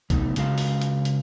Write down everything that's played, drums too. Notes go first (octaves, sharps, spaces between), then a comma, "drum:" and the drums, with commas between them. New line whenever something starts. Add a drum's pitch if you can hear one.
C3 F#3 A3 B3 D#4, drum: kick, hi-hat
C#3 G#3 F#4 F5, drum: hi-hat
drum: open hi-hat
drum: hi-hat
drum: hi-hat